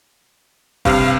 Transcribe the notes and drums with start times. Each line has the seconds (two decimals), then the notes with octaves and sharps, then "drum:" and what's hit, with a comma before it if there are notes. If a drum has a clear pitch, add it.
0.85 G2 C3 F5, drum: kick F#1